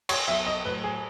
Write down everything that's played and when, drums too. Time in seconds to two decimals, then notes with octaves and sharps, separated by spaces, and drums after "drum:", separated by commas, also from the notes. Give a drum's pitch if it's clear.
0.09 C#5, drum: cymbal
0.28 B1 E5
0.47 D#5
0.65 A2 F#3 B4
0.84 G#4